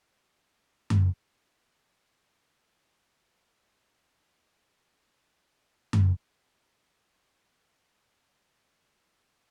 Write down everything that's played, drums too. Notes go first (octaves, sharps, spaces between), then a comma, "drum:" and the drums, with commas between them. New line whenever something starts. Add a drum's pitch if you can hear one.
B4 G6
drum: tom F#2
E5 F#5 A#5
D3 D#4
drum: tom F#2
G#4 C#5